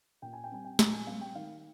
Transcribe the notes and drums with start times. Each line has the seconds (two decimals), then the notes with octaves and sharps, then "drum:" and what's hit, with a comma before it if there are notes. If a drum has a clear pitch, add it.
0.22 A#2 G5
0.33 G#5
0.44 G5
0.51 G3 C4 G#5
0.65 G5
0.79 A#2 A#5, drum: snare
0.93 G#5
1.07 G3 C4 F5
1.21 G5
1.35 D#3 F5